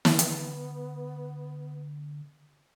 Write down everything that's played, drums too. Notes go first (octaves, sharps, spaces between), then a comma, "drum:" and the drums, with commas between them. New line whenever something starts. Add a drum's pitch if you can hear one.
D3 B3, drum: snare
drum: hi-hat